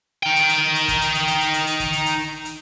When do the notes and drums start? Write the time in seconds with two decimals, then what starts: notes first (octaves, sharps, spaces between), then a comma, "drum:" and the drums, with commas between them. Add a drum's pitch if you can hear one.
0.23 D#4 G5
0.36 drum: hi-hat
0.49 drum: hi-hat
0.75 drum: hi-hat
0.88 drum: kick, hi-hat
1.01 drum: hi-hat
1.14 drum: hi-hat
1.27 drum: hi-hat
1.40 drum: hi-hat
1.54 drum: hi-hat
1.67 drum: hi-hat
1.80 drum: kick, hi-hat
1.93 drum: hi-hat
2.06 drum: hi-hat
2.45 drum: hi-hat